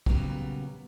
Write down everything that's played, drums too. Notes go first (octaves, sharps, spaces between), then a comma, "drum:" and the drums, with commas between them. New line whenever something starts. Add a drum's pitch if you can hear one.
A#2 C#3 F#3 G3 B3, drum: kick